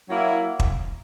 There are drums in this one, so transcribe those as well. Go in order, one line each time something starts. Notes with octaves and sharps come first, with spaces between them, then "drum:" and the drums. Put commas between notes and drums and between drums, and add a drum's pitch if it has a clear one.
F#3 A#3 E4
drum: kick